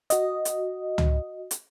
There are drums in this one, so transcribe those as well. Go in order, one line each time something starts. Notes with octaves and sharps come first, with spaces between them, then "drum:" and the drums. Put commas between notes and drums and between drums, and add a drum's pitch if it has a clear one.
F#4 D#5, drum: hi-hat
drum: hi-hat
drum: tom
drum: hi-hat